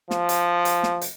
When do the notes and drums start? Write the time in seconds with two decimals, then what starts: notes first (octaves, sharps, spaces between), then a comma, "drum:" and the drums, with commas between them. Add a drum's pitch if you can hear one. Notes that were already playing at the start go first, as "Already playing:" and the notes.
0.11 F3, drum: snare
0.29 drum: hi-hat
0.65 drum: hi-hat
0.83 drum: snare
1.01 drum: hi-hat